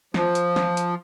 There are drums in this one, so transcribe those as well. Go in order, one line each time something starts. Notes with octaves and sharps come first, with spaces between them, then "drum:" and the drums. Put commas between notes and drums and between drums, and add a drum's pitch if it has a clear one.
F3, drum: snare
drum: hi-hat
drum: snare
drum: hi-hat